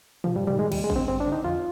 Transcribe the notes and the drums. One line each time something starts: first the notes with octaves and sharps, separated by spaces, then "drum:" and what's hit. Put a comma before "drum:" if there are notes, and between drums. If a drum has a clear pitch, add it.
F3, drum: tom
G2 G3
G3, drum: tom
D#3
G#3
D#2 G3, drum: cymbal
G#3
D3, drum: kick A1
C4
G2 C4
D4
D3
D#4
F2 F4